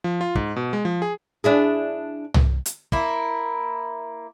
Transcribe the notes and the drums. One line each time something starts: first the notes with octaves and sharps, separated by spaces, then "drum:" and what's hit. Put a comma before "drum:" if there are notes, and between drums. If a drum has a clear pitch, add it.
F3
F4
G#2, drum: kick
B2
G#3
F3
G#4
D4 E4 G#4
drum: tom C2
drum: hi-hat
A#3 E4, drum: kick